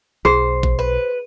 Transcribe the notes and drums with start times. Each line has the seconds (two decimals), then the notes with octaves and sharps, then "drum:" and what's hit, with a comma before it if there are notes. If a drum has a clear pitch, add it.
0.25 B1 G#4 C5
0.63 drum: kick A1
0.79 B4